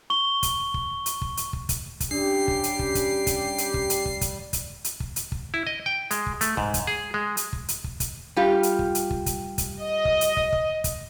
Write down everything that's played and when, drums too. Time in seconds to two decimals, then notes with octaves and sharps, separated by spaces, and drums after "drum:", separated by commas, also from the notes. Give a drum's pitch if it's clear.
0.10 C#6 G7
0.43 drum: kick, hi-hat
0.74 drum: kick
1.06 drum: hi-hat
1.22 drum: kick
1.37 drum: hi-hat
1.53 drum: kick
1.69 drum: kick, hi-hat
2.00 drum: kick, hi-hat
2.11 G3 C#4 D4 G4 C7
2.48 drum: kick
2.64 drum: hi-hat
2.79 drum: kick
2.95 drum: kick, hi-hat
3.27 drum: kick, hi-hat
3.58 drum: hi-hat
3.74 drum: kick
3.90 drum: hi-hat
4.06 drum: kick
4.21 drum: kick, hi-hat
4.53 drum: kick, hi-hat
4.84 drum: hi-hat
5.00 drum: kick
5.16 drum: hi-hat
5.32 drum: kick
5.54 E4
5.67 D#5
5.86 G5
6.11 G#3, drum: hi-hat
6.26 drum: kick
6.41 A3, drum: hi-hat
6.57 G#2, drum: kick
6.74 drum: kick, hi-hat
6.87 G#4
7.14 G#3
7.37 drum: hi-hat
7.53 drum: kick
7.68 drum: hi-hat
7.84 drum: kick
8.00 drum: kick, hi-hat
8.36 G3 F4 G4
8.63 drum: hi-hat
8.79 drum: kick
8.95 drum: hi-hat
9.10 drum: kick
9.26 drum: kick, hi-hat
9.58 drum: kick, hi-hat
9.83 D#5
10.05 drum: kick
10.21 drum: hi-hat
10.37 drum: kick
10.53 drum: kick
10.84 drum: kick, hi-hat